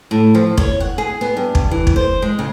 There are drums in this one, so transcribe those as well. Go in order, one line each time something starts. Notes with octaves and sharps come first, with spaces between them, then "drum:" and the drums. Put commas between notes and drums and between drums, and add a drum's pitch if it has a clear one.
A2
F3
C#5, drum: kick
F#5
G#4
B3
G2
drum: kick
E3
drum: kick
C5
G#3
C#3